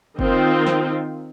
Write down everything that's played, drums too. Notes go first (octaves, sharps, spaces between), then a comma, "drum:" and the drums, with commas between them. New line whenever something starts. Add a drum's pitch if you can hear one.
D#3 C4 D#4 F4, drum: kick F#1
drum: snare